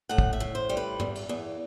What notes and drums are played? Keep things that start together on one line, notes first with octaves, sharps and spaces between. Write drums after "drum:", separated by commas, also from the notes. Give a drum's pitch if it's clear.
A2 F#5
drum: kick
E5
A2
C5
G3
B4
E2, drum: tom
drum: cymbal
E2